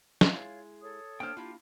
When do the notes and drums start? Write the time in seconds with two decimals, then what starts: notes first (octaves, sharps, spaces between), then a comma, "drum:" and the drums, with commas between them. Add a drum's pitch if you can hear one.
0.21 G#3 E4 F4 G#4 C#5 F5, drum: snare
0.81 A4 C#5 D#6
1.20 A#3 D4 C5 G5 F6
1.37 A#3 E4 F4 G4 A5